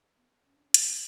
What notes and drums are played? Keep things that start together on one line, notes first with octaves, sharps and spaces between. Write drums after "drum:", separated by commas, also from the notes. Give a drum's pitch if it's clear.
B3
C#4
D4
C#4
drum: hi-hat